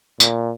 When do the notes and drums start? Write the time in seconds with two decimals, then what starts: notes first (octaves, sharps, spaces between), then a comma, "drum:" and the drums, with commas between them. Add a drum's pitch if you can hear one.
0.20 A#2, drum: tambourine